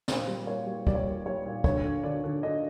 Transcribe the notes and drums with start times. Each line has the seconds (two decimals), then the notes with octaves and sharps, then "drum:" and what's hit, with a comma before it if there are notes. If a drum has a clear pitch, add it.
0.08 A#2 C5, drum: snare
0.27 G3
0.47 A#3 C#5
0.66 G3
0.87 G3 D5, drum: kick
0.95 C#5
1.03 D5
1.06 A#3
1.26 G3 C#5
1.46 A#2
1.64 D3 C#5, drum: kick
1.84 D3
2.03 D3 D5
2.24 D3
2.43 D3 D#5